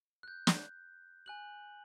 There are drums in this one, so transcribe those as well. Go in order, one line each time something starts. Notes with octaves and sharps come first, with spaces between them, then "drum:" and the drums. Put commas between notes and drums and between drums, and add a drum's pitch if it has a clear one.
F#6 G6
drum: snare
G#5 F#6 F#7